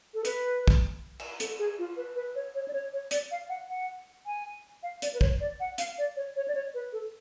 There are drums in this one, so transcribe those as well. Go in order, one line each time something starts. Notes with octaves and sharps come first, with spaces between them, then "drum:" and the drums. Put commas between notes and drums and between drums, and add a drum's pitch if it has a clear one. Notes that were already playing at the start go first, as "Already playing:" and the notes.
A4
B4, drum: hi-hat
drum: kick
drum: cymbal
A4, drum: hi-hat
G#4
F4
B4
B4
C#5
C#5
D5
C#5
C#5
D5, drum: hi-hat
F5
F#5
F#5
G#5
F5
D5, drum: hi-hat
B4
C#5, drum: kick
D5
F#5
F5, drum: hi-hat
D5
C#5
C#5
D5
C#5
B4
A4